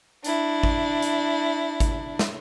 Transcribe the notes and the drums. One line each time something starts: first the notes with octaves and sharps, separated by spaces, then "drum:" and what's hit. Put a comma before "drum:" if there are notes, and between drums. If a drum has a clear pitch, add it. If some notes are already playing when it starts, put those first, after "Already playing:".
D4 E4, drum: hi-hat
drum: kick G#1
drum: hi-hat
drum: kick G#1, hi-hat
drum: snare